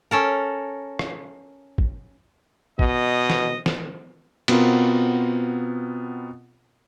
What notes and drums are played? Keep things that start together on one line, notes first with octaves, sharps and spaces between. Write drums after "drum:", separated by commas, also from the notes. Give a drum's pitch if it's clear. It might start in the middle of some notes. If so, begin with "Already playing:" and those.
C#4 A4 A#4
drum: rim click
drum: kick
B2 D#5, drum: kick
drum: snare
drum: snare
B2 B3 C4 F4 A#4, drum: cymbal